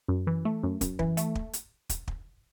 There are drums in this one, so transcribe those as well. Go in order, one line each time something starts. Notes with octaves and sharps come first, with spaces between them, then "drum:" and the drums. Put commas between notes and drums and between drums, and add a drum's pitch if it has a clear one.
F#2
E3
A3
F#2
F#2, drum: kick, hi-hat
E3, drum: kick
A3, drum: hi-hat
drum: kick
drum: hi-hat
drum: kick, hi-hat
drum: kick